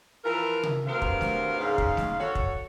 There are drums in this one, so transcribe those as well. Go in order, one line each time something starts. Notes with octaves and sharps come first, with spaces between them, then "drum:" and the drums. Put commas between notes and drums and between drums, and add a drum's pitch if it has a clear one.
E3 F3 F4 A#4
drum: tom C3
D2 C3 B3 A#4 C5 F5
drum: kick
drum: snare A3
G#2 C#3 F5
drum: kick
drum: snare A3
F#4 A4 C#5
drum: kick